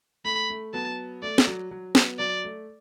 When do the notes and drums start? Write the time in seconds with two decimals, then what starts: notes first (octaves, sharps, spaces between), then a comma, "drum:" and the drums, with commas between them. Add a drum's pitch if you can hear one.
0.25 A3 B5
0.50 A3
0.73 F#3 B3 A5
1.22 A3 D5
1.38 A3, drum: snare
1.47 F#3
1.71 F#3
1.95 F#3 B3, drum: snare
2.19 F#3 D5
2.44 A3